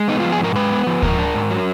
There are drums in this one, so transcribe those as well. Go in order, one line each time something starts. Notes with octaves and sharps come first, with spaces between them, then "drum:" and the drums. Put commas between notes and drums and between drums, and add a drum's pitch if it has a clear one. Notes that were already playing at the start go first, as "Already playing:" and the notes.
Already playing: G#3
B3 D#4
F3 F4
G#4
G#2 A#4
G#3 B4
B3
F3
G#2 A#4, drum: kick D2
D4
G#2
F#3